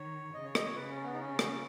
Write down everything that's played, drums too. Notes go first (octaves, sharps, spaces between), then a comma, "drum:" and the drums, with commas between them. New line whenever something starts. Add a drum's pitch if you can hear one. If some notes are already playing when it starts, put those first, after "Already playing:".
Already playing: D#3 C#5
C#3 D#5
C#5
D#5, drum: rim click
C#5
C#3 B4
C#4
B3
D#4
C#4
drum: rim click